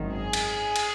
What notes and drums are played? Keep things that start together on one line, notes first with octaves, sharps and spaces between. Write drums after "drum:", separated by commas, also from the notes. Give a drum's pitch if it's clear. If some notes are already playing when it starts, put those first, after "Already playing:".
Already playing: G#1 F#2 D#3
G#4
drum: cymbal
drum: cymbal